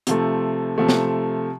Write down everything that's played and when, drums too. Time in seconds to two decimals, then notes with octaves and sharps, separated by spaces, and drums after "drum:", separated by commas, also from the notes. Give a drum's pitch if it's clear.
0.07 C3 F3 A3, drum: hi-hat
0.78 C3 F3 A3
0.88 drum: snare